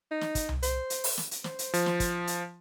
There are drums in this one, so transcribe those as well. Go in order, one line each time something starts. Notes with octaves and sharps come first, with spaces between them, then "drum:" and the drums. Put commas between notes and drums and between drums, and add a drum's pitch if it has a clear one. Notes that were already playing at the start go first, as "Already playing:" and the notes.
D#4
drum: snare
drum: kick, hi-hat
drum: tom C2
C5, drum: hi-hat
drum: hi-hat
drum: open hi-hat
drum: snare
drum: hi-hat
C5, drum: snare
drum: hi-hat
F3, drum: hi-hat
drum: snare
drum: kick, hi-hat
drum: hi-hat